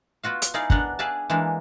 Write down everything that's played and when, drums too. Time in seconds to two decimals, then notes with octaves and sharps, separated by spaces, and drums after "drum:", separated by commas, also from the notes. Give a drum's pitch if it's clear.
0.23 B3 F4 F#4 F5
0.42 drum: hi-hat
0.54 D#4 E4 G#4 D5 F5
0.70 B3 D4 A#4 F#5, drum: kick
0.99 G#4 B4 D5 E5 F5 A5
1.30 E3 G#3 A#3 D4